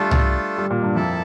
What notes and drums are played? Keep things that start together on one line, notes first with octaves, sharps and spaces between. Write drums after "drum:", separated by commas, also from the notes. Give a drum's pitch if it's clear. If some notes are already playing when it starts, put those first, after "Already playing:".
Already playing: G3 A3 D4 F4 A4
drum: tom C2
G3
A#2
G2
F2 A#3 E4 A4 E5 A5